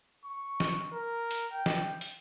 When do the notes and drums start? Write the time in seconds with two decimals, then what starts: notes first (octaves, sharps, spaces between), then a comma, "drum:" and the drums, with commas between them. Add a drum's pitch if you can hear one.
0.25 C#6
0.60 drum: snare
0.93 A#4
1.31 drum: hi-hat
1.53 G5
1.66 drum: snare
2.01 drum: hi-hat